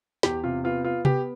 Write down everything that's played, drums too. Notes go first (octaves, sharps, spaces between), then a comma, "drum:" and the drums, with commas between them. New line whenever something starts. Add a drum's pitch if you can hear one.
E2 G4, drum: snare
C3 F4
B3 F4
B3 F4
B3 G4, drum: tom C3